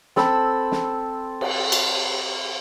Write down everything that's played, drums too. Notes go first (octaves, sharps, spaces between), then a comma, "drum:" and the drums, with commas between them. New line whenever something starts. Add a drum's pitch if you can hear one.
C4 A4 B5 E6, drum: snare
drum: snare
drum: cymbal
drum: cymbal